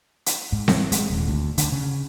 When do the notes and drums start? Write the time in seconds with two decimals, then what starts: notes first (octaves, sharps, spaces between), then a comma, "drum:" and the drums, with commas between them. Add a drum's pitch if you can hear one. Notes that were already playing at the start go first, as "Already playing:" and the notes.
0.26 drum: hi-hat
0.52 G#2
0.68 E3, drum: snare C4
0.92 G#3, drum: hi-hat
1.10 D#1
1.28 D2
1.58 D3, drum: hi-hat
1.72 C#3